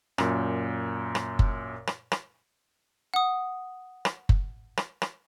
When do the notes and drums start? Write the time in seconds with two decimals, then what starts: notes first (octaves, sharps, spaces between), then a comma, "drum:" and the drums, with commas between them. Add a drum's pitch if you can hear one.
0.18 F#2 A#2, drum: rim click
1.15 drum: rim click
1.39 drum: kick F#1
1.87 drum: rim click
2.12 drum: rim click
3.14 F#5 D#6
4.05 drum: rim click
4.29 drum: kick F#1
4.77 drum: rim click
5.02 drum: rim click